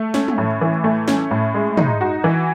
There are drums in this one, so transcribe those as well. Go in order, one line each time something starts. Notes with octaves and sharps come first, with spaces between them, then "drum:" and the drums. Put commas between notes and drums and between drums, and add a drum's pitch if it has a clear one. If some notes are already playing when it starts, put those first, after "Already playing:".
Already playing: A3
C#4, drum: snare
drum: tom
A2
E3
A3
C#4, drum: snare
A2
G#3
D#4, drum: tom
F#4
E3